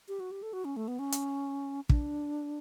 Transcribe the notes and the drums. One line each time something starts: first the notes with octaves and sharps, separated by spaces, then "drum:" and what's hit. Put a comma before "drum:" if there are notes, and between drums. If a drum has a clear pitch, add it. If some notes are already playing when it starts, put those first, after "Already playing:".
G4
F#4
G4
A4
F#4
C#4
A3
B3
C#4
drum: hi-hat
D4, drum: kick